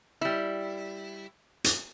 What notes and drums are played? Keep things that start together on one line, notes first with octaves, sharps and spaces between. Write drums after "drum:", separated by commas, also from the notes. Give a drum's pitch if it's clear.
G3 E4
drum: hi-hat